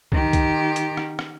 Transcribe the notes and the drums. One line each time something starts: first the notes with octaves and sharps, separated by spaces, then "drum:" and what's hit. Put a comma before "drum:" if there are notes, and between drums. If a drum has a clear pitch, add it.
D#3 G4, drum: kick
drum: kick, hi-hat
drum: hi-hat
drum: rim click
drum: rim click